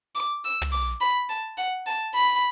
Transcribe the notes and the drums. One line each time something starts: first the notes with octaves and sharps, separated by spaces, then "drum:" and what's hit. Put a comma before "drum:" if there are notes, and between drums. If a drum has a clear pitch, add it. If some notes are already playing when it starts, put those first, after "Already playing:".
D6
E6
drum: tom
D6
B5
A5
F#5, drum: hi-hat
A5
B5